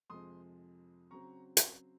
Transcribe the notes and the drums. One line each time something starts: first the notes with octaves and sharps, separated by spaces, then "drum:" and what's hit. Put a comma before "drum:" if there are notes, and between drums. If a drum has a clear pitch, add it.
F2 C3 F3 G#3 C4 C6 D#6
C#3 F#3 C4 A#5 C#6
drum: hi-hat